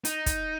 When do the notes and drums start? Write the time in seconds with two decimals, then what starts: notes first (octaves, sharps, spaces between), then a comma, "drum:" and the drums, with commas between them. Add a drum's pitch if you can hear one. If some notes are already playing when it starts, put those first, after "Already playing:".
0.05 D#4, drum: hi-hat
0.26 drum: kick, hi-hat